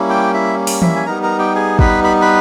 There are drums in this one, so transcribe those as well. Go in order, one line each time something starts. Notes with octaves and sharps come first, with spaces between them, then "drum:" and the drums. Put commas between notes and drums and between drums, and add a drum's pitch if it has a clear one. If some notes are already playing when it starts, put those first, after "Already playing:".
Already playing: G3 A#3 C#4 E4
G4 G5
E4 E5
drum: open hi-hat
E4 E5, drum: tom E3
G#5
G3 B3 D#4 A#4 A#5
A#4 A#5
G4 G5
G#4 G#5
B4 B5, drum: kick
B5
B4 B5